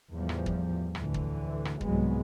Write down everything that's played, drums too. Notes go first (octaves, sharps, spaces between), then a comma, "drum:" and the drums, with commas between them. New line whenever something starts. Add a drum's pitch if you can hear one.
E2 A2 F3 G3
drum: rim click
drum: kick
D2 A2 D3 E3, drum: rim click
drum: kick
drum: rim click
C2 G#2 F#3 G#3 B3, drum: kick